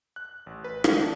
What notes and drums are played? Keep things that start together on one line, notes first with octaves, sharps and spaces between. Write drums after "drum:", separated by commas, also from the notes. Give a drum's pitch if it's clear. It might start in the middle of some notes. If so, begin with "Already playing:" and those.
F#6
A1
B4
E3, drum: rim click
D4